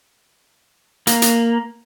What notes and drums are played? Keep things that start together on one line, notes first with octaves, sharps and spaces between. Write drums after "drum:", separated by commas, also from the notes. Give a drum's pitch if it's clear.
A#3, drum: hi-hat
drum: hi-hat